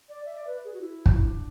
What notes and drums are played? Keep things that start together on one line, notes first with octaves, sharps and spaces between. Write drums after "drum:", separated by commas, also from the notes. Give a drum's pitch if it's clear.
D5
E5
D5
B4
G#4
F#4
E4
drum: kick
D4